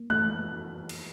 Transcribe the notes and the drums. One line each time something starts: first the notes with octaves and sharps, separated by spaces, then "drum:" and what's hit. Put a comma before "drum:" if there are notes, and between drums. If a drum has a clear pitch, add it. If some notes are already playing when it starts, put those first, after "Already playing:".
Already playing: A#3
F#6, drum: tom G#3
drum: cymbal